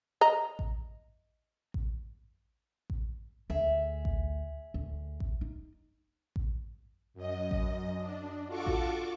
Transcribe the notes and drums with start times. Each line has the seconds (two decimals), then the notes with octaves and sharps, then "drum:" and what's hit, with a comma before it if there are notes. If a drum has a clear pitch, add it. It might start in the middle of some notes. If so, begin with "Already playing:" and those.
0.21 D#5 A#5
0.59 drum: kick A1
1.74 drum: kick A1
2.90 drum: kick A1
3.50 D2 G#4 E5
4.05 drum: kick A1
4.74 D2
5.20 drum: kick A1
5.41 D#4
6.36 drum: kick A1
7.14 F#2 D#5
7.51 drum: kick A1
7.98 D4
8.47 F4 F#4 A4 C#6 D6
8.66 drum: kick A1